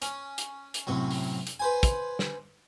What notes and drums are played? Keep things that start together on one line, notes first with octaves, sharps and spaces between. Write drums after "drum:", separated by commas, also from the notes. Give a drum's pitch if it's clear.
C#4, drum: hi-hat
drum: hi-hat
drum: hi-hat
F#2 A2 C3 F#3
drum: open hi-hat
drum: hi-hat
B4 C5 G#5
drum: kick, hi-hat
drum: snare